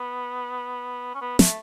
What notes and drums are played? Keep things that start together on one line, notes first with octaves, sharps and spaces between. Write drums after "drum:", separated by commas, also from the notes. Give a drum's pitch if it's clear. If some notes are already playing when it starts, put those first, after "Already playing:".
Already playing: B3
C#4
B3
A3, drum: snare